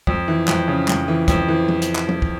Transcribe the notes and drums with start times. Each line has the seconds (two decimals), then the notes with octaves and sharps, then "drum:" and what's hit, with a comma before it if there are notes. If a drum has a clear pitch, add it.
0.07 F2, drum: kick
0.28 E3
0.48 F2, drum: clap
0.68 C#3
0.88 F2, drum: clap
1.08 E3
1.28 F2, drum: kick, hi-hat
1.48 E3
1.69 drum: tom F3
1.82 drum: hi-hat
1.95 drum: clap
2.09 drum: tom F3
2.22 drum: kick